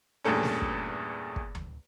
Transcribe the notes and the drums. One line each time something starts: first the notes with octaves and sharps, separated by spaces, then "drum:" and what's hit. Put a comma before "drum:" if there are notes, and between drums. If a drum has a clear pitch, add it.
E2 G2 A#2 A3 C#4
drum: snare
drum: kick
drum: kick
drum: tom D2